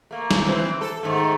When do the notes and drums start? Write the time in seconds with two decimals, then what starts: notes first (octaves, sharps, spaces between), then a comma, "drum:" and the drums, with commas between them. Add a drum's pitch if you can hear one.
0.11 A3 A#3
0.31 drum: snare
0.47 E3 C4
0.81 A4
1.03 G#2 D#3 A3